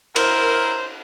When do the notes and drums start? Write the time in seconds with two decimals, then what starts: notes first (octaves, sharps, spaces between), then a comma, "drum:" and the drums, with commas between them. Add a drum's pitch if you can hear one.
0.16 E4 A#4 C5, drum: cymbal